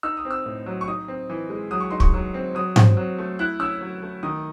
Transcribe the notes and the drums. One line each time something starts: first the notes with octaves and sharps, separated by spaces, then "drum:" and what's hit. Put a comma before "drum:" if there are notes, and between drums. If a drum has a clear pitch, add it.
D#4 E6
D#6
C4
E6
A2
F#3
C#6
D#4 D#6
C4
E3
G#3
F#3 D#6
C#6
D#4 C6
C#6, drum: kick
F#3
C4
F#3 D#6
C4, drum: tom G#2
F#3
A3
E4 F#6
C#4 E6
F#3
A3
D#3 D#6